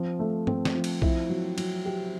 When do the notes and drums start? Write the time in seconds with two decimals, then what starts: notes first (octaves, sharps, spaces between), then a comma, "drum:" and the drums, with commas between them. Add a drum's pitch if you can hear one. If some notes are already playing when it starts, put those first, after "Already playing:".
Already playing: F3 C4
0.19 A3
0.47 C4, drum: tom G2
0.65 drum: snare
0.75 F3
0.84 drum: cymbal
1.02 E4, drum: kick B1
1.29 F#3
1.58 F#3, drum: cymbal
1.85 G4